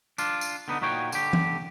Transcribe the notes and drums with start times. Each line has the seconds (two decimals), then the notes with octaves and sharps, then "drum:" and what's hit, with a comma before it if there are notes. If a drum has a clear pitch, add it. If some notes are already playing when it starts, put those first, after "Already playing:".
0.18 D4 F4, drum: tambourine
0.41 drum: tambourine
0.68 D3 B3 D#4
0.81 A#2 D#4 F#4 C#5 G5
1.12 D3 G4, drum: tambourine
1.33 drum: tom E3